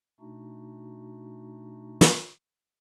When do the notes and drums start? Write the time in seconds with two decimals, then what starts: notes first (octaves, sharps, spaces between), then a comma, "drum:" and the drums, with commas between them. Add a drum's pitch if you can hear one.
0.20 B2 A3 D4 D#4 F#4
2.01 drum: snare